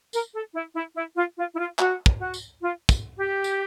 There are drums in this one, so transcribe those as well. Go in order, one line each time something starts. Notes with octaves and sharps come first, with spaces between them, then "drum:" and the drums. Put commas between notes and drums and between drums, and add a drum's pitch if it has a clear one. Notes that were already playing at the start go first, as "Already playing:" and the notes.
A#4, drum: tambourine
A4
E4
E4
E4
F4
F4
E4
F4
F#4, drum: clap
drum: kick
F#4
drum: tambourine
F4
drum: kick, tambourine
G4
drum: tambourine